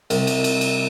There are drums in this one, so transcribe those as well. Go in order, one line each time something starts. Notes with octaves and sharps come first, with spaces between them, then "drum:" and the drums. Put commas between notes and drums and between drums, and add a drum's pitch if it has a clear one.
C2, drum: cymbal
drum: cymbal
drum: cymbal
drum: cymbal